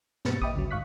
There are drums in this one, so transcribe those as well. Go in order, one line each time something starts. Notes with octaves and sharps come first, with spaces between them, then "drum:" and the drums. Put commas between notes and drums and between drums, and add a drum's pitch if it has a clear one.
G2 B2 A#3 B4 A6 C#7, drum: snare
D#5 E5 G5 B5 D6 D#6, drum: kick A1
G#1 D2 C#3 F#3
D2 G#2 F5 C#6 F#6 B6